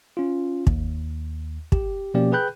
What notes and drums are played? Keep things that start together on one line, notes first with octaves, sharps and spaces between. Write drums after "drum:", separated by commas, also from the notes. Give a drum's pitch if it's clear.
C#4 F4
D#2, drum: kick
G4, drum: kick
B2 F3 A#3 C#4 G4 D5
G#4 B4 G5 B5 F#6 G6